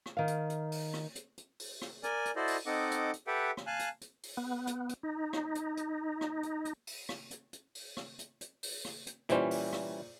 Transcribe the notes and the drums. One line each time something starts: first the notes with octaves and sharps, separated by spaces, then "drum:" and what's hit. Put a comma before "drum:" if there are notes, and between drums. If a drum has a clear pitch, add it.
drum: rim click
D#3 F5
drum: hi-hat
drum: hi-hat
drum: open hi-hat
drum: rim click
drum: hi-hat
drum: hi-hat
drum: open hi-hat
drum: rim click
A#4 D5 G#5, drum: hi-hat
drum: hi-hat
E4 F#4 A4 C5 D5 D#5
drum: open hi-hat
C4 D#4 A4 D#5 F#5 D6
drum: hi-hat
drum: hi-hat
G4 A4 B4 E5 F#5 G5
drum: rim click
F5 G#5 A5 F#6
drum: hi-hat
drum: hi-hat
drum: open hi-hat
B3
drum: hi-hat
drum: hi-hat
D#4
drum: rim click
drum: hi-hat
drum: hi-hat
drum: rim click
drum: hi-hat
drum: hi-hat
drum: open hi-hat
drum: rim click
drum: hi-hat
drum: hi-hat
drum: open hi-hat
drum: rim click
drum: hi-hat
drum: hi-hat
drum: open hi-hat
drum: rim click
drum: hi-hat
A#2 E3 G3 C#4 C5, drum: hi-hat
drum: open hi-hat
drum: rim click